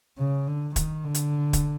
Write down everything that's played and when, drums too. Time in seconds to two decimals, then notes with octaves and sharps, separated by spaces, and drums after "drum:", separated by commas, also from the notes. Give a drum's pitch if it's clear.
0.18 C#3
0.47 D3
0.76 D#3, drum: kick, hi-hat
1.04 D3
1.14 drum: hi-hat
1.53 drum: kick, hi-hat